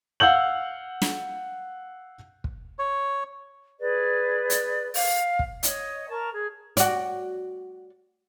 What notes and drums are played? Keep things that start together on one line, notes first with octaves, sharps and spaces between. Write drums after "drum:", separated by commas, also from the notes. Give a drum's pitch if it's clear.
F5 F#5 E6 G6 F#7
drum: snare
drum: kick
C#5
G#4 B4 D5
drum: hi-hat
F5, drum: open hi-hat
drum: kick
C#5 D#5, drum: hi-hat
A#4 A5 C#6
G#4
F#4 D5, drum: hi-hat